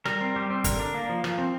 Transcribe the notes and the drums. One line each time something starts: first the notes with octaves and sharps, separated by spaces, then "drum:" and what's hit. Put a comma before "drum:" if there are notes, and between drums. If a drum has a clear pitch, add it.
G3 A#4, drum: rim click
C4
G3 G4
C4
D3 A#4, drum: kick, hi-hat
D4
A#3
F3
F3, drum: rim click
C4